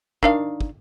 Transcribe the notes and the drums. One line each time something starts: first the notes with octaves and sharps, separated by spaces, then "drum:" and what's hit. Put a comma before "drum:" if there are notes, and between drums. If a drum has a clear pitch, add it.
D#3 D4 F5, drum: kick
drum: kick